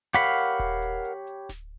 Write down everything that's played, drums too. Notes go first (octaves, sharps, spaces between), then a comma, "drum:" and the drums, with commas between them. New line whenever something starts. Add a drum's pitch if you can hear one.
G4 A#4 C#5 F5 F#5 B5, drum: hi-hat
drum: hi-hat
drum: kick D#1, hi-hat
drum: hi-hat
drum: hi-hat
drum: hi-hat
drum: snare D1